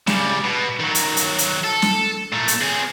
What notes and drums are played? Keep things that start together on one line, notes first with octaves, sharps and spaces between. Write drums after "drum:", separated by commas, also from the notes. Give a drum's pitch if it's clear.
C#3 G3, drum: snare
B2
D#3 F#3
drum: hi-hat
drum: hi-hat
drum: hi-hat
A4
drum: snare
A#2 A3
drum: hi-hat
C4 G#4